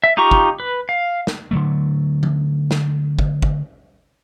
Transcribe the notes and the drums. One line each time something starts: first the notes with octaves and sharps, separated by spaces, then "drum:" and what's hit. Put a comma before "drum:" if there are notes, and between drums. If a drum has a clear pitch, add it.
E5
D#4 F4 G4 A#5 C#6
drum: kick
B4
F5
drum: snare
D3 F#3 A3
drum: tom
drum: snare
drum: kick
drum: kick